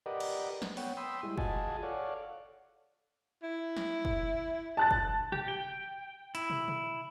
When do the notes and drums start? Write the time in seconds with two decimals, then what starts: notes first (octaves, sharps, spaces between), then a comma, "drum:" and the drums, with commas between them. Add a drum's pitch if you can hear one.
0.06 G4 A#4 B4 D5 D#5 F#5
0.20 drum: cymbal
0.62 drum: snare
0.77 B3 C#5 F#5 G5, drum: open hi-hat
0.97 G5 B5 C6 D#6 E6
1.23 G3 G#3 E4
1.38 F4 F#4 G#4 D#5 G#5 A5, drum: kick
1.83 A4 C#5 D5 F5 F#5
3.43 E4
3.77 drum: snare
4.05 drum: kick
4.77 A5 F#6 A6
4.91 drum: kick
5.32 G4, drum: tom
5.48 G5
6.35 E4, drum: hi-hat
6.50 drum: tom
6.68 drum: tom